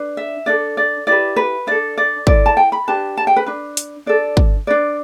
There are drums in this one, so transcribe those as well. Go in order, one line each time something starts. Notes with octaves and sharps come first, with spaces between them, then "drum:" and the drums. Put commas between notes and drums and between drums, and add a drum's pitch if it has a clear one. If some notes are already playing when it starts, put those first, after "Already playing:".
Already playing: D4 B4
E5
D4 A4 D5
D5
E4 G4 B4 D5
B4
D4 A4 D5
D5
E4 A4 D5, drum: kick
A5
G5
B5
D4 G4 B4 A5
A5
G5
B4
D4 B4
drum: hi-hat
D4 A4 D5
drum: kick
D4 B4 D5